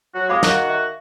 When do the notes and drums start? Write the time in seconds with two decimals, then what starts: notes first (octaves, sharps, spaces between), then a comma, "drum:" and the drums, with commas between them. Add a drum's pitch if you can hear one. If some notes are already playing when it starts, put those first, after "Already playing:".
0.15 F#3 F#4
0.29 F2 C3 G#3 F5 B5 D6
0.43 D#3 F#4 F5 A#5, drum: snare
0.70 E5